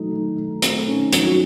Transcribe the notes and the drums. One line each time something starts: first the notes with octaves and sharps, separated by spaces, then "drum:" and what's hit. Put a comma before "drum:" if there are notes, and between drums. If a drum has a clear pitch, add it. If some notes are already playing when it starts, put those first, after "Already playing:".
Already playing: D#3 F#3 A3 D#4
D#3
A3
A3 C4, drum: hi-hat
D#3 C#4
F#3 D#4, drum: hi-hat
F#4